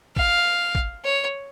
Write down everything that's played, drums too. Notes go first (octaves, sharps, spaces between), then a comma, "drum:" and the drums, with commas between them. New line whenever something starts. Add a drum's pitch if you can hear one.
F5, drum: kick
drum: kick
C#5